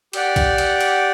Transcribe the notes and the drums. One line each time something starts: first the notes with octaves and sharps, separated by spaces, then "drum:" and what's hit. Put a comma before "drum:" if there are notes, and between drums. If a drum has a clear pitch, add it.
G4 D5 F#5, drum: cymbal
drum: kick A#1, cymbal
drum: cymbal
drum: cymbal